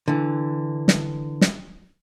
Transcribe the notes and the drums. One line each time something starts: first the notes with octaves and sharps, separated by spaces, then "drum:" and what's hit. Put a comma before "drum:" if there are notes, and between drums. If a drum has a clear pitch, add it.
D3 E3
drum: snare
drum: snare